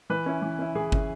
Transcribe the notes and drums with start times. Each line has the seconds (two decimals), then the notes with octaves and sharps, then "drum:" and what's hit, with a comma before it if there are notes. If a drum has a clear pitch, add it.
0.10 E3 B4
0.26 C#4 E4
0.42 E3
0.59 C#4 E4
0.75 E3 G#4
0.92 C#4 E4, drum: kick